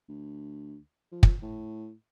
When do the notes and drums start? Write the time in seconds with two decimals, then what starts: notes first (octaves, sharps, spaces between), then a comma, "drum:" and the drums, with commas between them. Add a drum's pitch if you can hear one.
0.08 D2
1.12 F3
1.23 drum: kick
1.42 A2